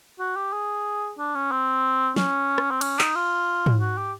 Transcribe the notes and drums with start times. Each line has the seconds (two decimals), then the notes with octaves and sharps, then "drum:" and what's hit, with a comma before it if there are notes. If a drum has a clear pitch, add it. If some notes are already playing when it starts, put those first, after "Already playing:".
0.19 F#4
0.36 G4
0.53 G#4
1.19 D4
1.35 C#4
1.51 C4
2.16 C#4, drum: snare
2.58 drum: rim click
2.71 C4
2.81 C#4, drum: cymbal
2.99 D#4, drum: clap
3.15 F4
3.66 drum: tom G#2
3.80 F#4
3.97 G4